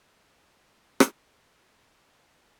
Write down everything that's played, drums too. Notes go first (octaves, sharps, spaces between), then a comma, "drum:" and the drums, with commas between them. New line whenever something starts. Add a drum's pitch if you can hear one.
E4 C#5 D#6 D7 D#7 G7
drum: rim click
A#6 B6 C#7
F#5 B5 C6 B6 F#7